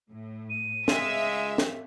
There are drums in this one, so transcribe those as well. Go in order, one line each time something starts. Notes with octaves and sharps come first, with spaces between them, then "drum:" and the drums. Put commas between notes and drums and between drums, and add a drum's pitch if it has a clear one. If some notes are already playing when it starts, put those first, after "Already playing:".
A2
D#7
C#2 G#3 E5 F5, drum: snare
drum: snare